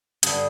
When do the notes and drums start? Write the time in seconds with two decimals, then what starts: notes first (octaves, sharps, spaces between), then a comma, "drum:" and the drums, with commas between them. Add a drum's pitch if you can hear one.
0.23 G2 D3 G3 G#4, drum: hi-hat